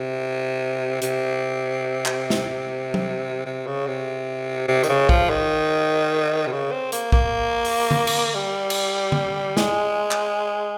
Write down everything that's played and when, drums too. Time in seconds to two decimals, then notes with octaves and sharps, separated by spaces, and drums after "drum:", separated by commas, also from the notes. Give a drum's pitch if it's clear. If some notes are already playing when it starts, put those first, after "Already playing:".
Already playing: C3
1.02 C3, drum: hi-hat
2.06 drum: clap
2.30 drum: snare
2.94 drum: tom F#3
3.46 C3
3.66 C#3
3.87 C3
4.68 C3
4.83 D#3, drum: tambourine
4.89 C#3
5.09 F3, drum: kick
5.30 D#3
6.47 C3
6.52 C#3
6.71 C4
6.92 A#3, drum: hi-hat
7.12 A#3, drum: kick
7.65 drum: open hi-hat
7.91 drum: tom D3
8.07 drum: cymbal
8.35 G3
8.70 drum: cymbal
9.12 drum: tom D3
9.57 G#3, drum: snare
10.11 drum: clap